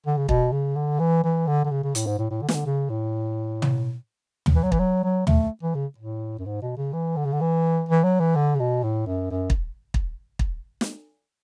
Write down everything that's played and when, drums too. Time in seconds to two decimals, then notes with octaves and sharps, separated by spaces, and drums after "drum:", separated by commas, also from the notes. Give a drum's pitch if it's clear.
0.06 D3
0.17 C#3
0.29 B2, drum: kick
0.52 C#3
0.76 D3
0.99 E3
1.23 E3
1.47 D3
1.64 D3
1.71 C#3
1.83 C#3
1.95 A2, drum: hi-hat
2.06 G#2
2.18 A2
2.30 A2
2.42 D3
2.48 E3, drum: snare
2.54 D3
2.66 C#3
2.89 A2
3.62 drum: tom
4.46 drum: tom
4.56 E3
4.63 F#3
4.72 E3, drum: kick
4.79 F#3
5.03 F#3
5.27 A3, drum: tom
5.63 E3
5.75 C#3
5.98 A2
6.39 F#2
6.46 G#2
6.62 B2
6.77 C#3
6.93 E3
7.16 D3
7.25 C#3
7.32 D3
7.41 E3
7.88 E3
8.04 F#3
8.20 E3
8.35 D3
8.55 C#3
8.59 B2
8.83 A2
9.07 F#2
9.30 F#2
9.50 drum: kick
9.94 drum: kick
10.39 drum: kick
10.81 drum: snare